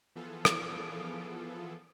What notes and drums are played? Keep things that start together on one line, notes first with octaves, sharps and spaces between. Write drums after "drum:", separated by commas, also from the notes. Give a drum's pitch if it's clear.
E3 F3 B3 F4 G#4 A4
drum: rim click